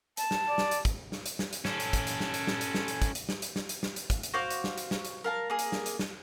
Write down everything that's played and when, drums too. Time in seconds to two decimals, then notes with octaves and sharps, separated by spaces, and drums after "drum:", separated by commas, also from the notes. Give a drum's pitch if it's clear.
0.17 A5, drum: hi-hat
0.31 drum: snare
0.49 D5
0.58 drum: snare
0.71 drum: hi-hat
0.85 drum: kick, hi-hat
1.12 drum: snare
1.26 drum: hi-hat
1.39 drum: snare
1.53 drum: hi-hat
1.65 C#4 A4, drum: snare
1.80 drum: hi-hat
1.93 drum: kick, hi-hat
2.07 drum: hi-hat
2.20 drum: snare
2.34 drum: hi-hat
2.47 drum: snare
2.61 drum: hi-hat
2.75 drum: snare
2.88 drum: hi-hat
3.02 drum: kick, hi-hat
3.15 drum: hi-hat
3.29 drum: snare
3.42 drum: hi-hat
3.56 drum: snare
3.69 drum: hi-hat
3.83 drum: snare
3.96 drum: hi-hat
4.10 drum: kick, hi-hat
4.23 drum: hi-hat
4.33 F#4 C5 F5 D6
4.50 drum: hi-hat
4.64 drum: snare
4.78 drum: hi-hat
4.91 drum: snare
5.05 drum: hi-hat
5.24 A#4 F5 A5
5.50 A#3 G#4
5.59 drum: hi-hat
5.72 drum: snare
5.86 drum: hi-hat
5.99 drum: snare